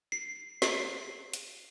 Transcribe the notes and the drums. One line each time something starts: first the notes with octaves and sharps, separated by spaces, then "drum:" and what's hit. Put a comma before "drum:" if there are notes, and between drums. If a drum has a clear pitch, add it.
C7
C7, drum: snare
drum: hi-hat